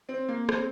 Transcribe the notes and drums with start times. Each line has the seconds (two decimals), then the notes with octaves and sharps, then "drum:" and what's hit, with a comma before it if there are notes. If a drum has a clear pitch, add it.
0.09 C4
0.29 A#3
0.49 C4, drum: rim click